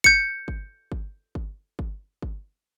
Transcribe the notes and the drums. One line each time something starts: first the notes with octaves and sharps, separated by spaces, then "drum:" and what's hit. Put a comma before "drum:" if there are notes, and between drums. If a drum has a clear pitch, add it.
G6 C#7, drum: kick G1
drum: kick G1
drum: kick G1
drum: kick G1
drum: kick G1
drum: kick G1